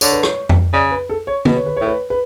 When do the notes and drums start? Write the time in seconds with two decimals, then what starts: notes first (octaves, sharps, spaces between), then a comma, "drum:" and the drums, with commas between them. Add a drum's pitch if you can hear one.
0.01 D3 C#5, drum: tambourine
0.12 B4
0.23 C#5, drum: rim click
0.49 drum: tom F2
0.73 C#3 D5
0.91 B4
1.09 A4
1.27 C#5
1.45 B2 B4, drum: tom
1.56 C#5
1.66 B4
1.77 A2 C#5
1.87 B4
2.10 B4